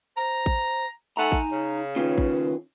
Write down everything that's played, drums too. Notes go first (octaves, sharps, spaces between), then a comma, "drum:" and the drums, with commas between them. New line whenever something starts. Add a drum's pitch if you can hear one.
C5 A#5
drum: kick A1
A3 D#4 A4 F#5 G#5 A#5
drum: kick A1
C#3
D#3 C#4 F4 B4
drum: kick A1